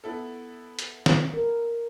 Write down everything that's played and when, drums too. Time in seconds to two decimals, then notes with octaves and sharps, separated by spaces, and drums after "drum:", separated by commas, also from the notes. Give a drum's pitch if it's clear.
0.04 B3 E4 A4
0.79 drum: hi-hat
1.06 drum: snare
1.34 A#4